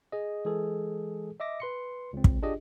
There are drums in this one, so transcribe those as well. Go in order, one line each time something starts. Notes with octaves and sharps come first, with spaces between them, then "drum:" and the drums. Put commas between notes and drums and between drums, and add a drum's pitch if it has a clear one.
G#4 D#5
E3 G#3 G#4 A4
D#5 E5 D6 A#6
B4 C6 C#7
C#2 C4
drum: kick
D4 F4 G4 G#4 D#5